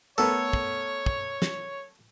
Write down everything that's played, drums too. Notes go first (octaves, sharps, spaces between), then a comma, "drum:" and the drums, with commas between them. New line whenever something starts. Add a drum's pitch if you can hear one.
A3 B3 A4 A#4 C#5
drum: kick
drum: kick
drum: snare